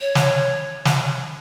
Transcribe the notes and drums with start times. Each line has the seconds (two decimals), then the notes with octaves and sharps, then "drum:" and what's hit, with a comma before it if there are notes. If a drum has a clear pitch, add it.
0.01 C#5
0.15 drum: snare
0.85 drum: snare